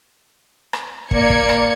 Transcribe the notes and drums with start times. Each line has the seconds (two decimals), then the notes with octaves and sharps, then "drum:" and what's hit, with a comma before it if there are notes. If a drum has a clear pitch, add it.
0.73 drum: rim click
1.11 A#3 D5 G#6 C#7, drum: kick
1.30 drum: kick
1.49 drum: rim click